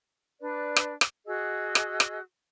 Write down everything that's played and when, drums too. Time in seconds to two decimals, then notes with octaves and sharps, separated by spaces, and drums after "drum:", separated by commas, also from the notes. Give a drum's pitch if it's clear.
0.41 D4 B4 D5
0.76 drum: rim click
1.01 drum: rim click
1.26 F#4 G#4 D#5 E6
1.75 drum: rim click
2.00 drum: rim click